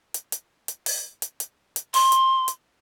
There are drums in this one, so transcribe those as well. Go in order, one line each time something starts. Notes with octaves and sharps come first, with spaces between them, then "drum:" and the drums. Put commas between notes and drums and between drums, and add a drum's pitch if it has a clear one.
drum: hi-hat
drum: hi-hat
drum: hi-hat
drum: open hi-hat
drum: hi-hat
drum: hi-hat
drum: hi-hat
C6, drum: open hi-hat
drum: hi-hat
drum: hi-hat